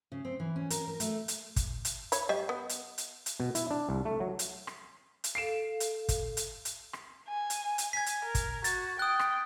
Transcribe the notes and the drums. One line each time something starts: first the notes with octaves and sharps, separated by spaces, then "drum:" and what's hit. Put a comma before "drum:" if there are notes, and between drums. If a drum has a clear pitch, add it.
C#3
C4
E3
C#4
A#4, drum: hi-hat
A#4
A3, drum: hi-hat
drum: hi-hat
drum: kick, hi-hat
drum: hi-hat
C#5 B5, drum: hi-hat
G4 D#5
B3
drum: hi-hat
drum: hi-hat
drum: hi-hat
B2
E4, drum: hi-hat
D4
C2
A3
F#3
drum: hi-hat
drum: rim click
drum: hi-hat
A4 F5 C7 D7 E7
drum: hi-hat
drum: kick, hi-hat
drum: hi-hat
drum: hi-hat
drum: rim click
G#5
drum: hi-hat
drum: hi-hat
G#5 G#6 B6
drum: hi-hat
A#4
drum: kick, hi-hat
F#4 A6, drum: hi-hat
G5 D#6 F#6
drum: rim click